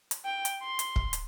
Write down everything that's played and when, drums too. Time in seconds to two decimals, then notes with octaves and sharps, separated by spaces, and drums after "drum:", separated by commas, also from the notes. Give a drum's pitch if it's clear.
0.11 drum: hi-hat
0.25 G5
0.45 drum: hi-hat
0.62 C6
0.79 drum: hi-hat
0.96 drum: kick
1.13 drum: hi-hat